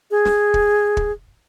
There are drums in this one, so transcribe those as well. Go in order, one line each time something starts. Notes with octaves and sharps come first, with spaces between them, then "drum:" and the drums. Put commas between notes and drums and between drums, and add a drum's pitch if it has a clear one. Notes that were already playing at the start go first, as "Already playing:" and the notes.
G#4
drum: snare
drum: kick
drum: kick